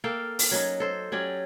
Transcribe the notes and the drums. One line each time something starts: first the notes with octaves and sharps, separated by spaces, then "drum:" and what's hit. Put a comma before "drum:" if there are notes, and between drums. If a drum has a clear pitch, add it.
A#3 A4 F5 G5
drum: open hi-hat
F#3 C#4 D#4
A4 C5
F#3 C#4 G4 D5